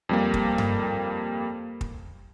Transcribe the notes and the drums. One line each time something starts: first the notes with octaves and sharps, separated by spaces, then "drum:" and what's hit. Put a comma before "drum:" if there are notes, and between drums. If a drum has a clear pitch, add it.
F2 G3 A#3
drum: kick
drum: tom G2
drum: kick